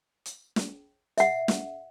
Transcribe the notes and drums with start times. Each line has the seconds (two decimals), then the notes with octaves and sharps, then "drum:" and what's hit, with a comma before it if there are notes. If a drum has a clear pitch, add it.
0.26 drum: hi-hat
0.56 drum: snare
1.18 E5 F#5, drum: hi-hat
1.48 drum: snare